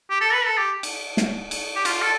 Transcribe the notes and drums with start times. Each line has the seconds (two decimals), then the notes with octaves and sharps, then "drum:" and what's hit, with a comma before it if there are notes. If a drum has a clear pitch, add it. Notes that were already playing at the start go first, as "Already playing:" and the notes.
0.10 G4
0.21 A4
0.33 B4
0.45 A4
0.58 G4
0.83 drum: cymbal
1.17 drum: snare
1.51 drum: cymbal
1.76 G4
1.85 F4, drum: cymbal
2.02 A4